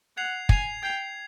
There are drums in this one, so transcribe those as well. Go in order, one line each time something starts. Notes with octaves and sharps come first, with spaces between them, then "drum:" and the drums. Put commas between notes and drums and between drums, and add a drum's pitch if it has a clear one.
F#5 G#6 C7 F7
G#5 G#6 C7 F7, drum: kick
G5 G#6 C7 F7